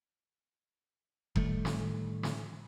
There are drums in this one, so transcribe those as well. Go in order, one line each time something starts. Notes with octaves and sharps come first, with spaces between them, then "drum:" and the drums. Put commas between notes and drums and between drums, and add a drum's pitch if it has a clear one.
A2 D#3 G3 A3, drum: kick F1
drum: snare
drum: snare